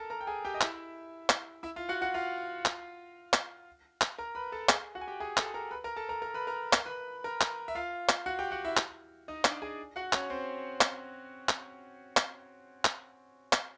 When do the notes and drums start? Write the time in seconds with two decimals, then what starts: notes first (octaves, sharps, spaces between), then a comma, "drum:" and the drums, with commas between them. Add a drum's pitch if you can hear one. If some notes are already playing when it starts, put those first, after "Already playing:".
Already playing: A4 A#4 A5 A#5
0.10 A#4 A#5
0.21 G5
0.27 G#4 G#5
0.45 G4 G5
0.54 D#5
0.61 E4 E5, drum: clap
1.29 drum: clap
1.63 E4 E5
1.76 F4 F5
1.89 F#4 F#5
2.02 F#4 F#5
2.14 F4 F5
2.65 drum: clap
3.33 drum: clap
4.01 drum: clap
4.19 A#4 A#5
4.35 B4 B5
4.52 A4 A5
4.69 G#4 G#5, drum: clap
4.95 F#4 F#5
5.01 G#5
5.07 G4 G5
5.20 G#4 G#5
5.37 A4 A5, drum: clap
5.54 A#4 A#5
5.71 B4 B5
5.84 A#4 A#5
5.96 A4 A5
6.09 A#4 A#5
6.22 A#4 A#5
6.34 B4 B5
6.47 A#4 A#5
6.73 A#4 A#5, drum: clap
6.86 B4 B5
7.24 A#4 A#5
7.41 drum: clap
7.68 E5
7.75 F4 F5
8.09 drum: clap
8.26 F#4 F#5
8.39 G4 G5
8.51 F#4 F#5
8.64 E4 E5
8.77 drum: clap
9.28 D#4 D#5
9.45 D4 D5, drum: clap
9.62 G#4 G#5
9.96 F#4 F#5
10.13 C#4 C#5, drum: clap
10.30 C4 C5
10.81 drum: clap
11.49 drum: clap
12.17 drum: clap
12.85 drum: clap
13.53 drum: clap